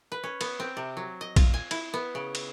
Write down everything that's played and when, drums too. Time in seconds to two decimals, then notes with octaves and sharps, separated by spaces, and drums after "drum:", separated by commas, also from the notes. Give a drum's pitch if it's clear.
0.12 B4
0.24 C#4
0.41 B3, drum: cymbal
0.60 C4
0.77 C3
0.97 F#3
1.21 D#5
1.36 F4, drum: kick A#1, cymbal
1.54 G#5
1.71 E4, drum: cymbal
1.94 B3
2.15 C#3
2.35 drum: cymbal